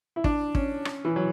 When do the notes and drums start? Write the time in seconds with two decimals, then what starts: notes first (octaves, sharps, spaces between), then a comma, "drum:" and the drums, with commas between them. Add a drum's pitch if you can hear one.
0.16 E4
0.24 D4, drum: kick
0.55 C#4, drum: kick
0.85 drum: rim click
1.05 E3
1.16 F#3